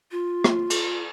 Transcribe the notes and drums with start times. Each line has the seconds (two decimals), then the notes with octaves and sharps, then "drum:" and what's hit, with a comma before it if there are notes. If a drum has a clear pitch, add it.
0.12 F4
0.44 drum: rim click
0.70 drum: cymbal